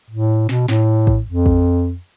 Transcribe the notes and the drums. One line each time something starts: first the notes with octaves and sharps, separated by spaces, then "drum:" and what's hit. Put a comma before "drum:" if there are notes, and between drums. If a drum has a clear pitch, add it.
A2
B2, drum: snare
A2, drum: snare
drum: kick
F2
drum: kick